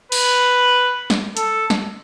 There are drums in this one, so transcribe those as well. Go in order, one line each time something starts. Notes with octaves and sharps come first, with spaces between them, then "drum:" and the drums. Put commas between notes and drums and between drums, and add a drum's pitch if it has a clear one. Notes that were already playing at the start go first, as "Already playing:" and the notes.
B4, drum: cymbal
drum: snare
A4, drum: hi-hat
drum: snare